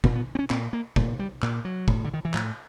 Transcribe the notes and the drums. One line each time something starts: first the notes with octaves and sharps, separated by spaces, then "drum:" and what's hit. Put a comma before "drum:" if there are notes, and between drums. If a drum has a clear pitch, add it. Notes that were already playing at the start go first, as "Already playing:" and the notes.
A#2 B3, drum: kick
B3
C4
C#4
A#2 C4, drum: clap
A#3
A#2 A3, drum: kick
G3
A#2, drum: clap
F#3
A2, drum: kick
D3
D#3
E3
A2 F3, drum: clap